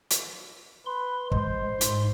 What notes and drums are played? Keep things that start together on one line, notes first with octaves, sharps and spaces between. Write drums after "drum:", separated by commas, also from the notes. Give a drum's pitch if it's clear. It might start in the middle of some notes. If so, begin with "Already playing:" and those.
drum: hi-hat
B4 C6
G#3 C5, drum: kick
G#2 C6, drum: hi-hat